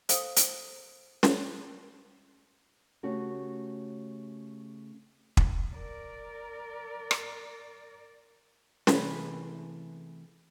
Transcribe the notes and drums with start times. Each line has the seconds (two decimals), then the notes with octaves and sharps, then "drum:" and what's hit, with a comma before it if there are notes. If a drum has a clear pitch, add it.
0.09 A4 C5 F5 G5 D#6, drum: hi-hat
0.36 drum: hi-hat
1.23 drum: snare
3.03 C#3 A3 C#4 F#4 G4 A#4
5.37 drum: kick
5.75 A#4 D5
7.11 drum: rim click
8.87 C3 E3 A3 E4 G#4 B4, drum: snare